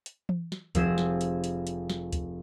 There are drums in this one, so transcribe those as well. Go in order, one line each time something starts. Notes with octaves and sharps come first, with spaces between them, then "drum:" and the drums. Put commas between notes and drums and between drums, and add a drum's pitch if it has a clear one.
drum: hi-hat
drum: tom E3
drum: snare
F1 F3 C4 G#4 E7, drum: kick D2, hi-hat
drum: snare
drum: hi-hat
drum: hi-hat
drum: hi-hat
drum: snare
drum: kick D2, hi-hat